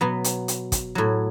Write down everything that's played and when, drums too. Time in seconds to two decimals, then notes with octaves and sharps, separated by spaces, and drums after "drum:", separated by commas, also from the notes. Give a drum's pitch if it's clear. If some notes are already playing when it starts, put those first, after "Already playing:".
0.01 B2 F#3 B3
0.24 drum: hi-hat
0.48 drum: hi-hat
0.72 drum: kick, hi-hat
0.95 A2 F#3